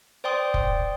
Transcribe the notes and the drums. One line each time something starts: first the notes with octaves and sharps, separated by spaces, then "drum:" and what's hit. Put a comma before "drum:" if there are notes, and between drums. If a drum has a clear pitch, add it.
C5 D5 G5 C6 D#6
drum: kick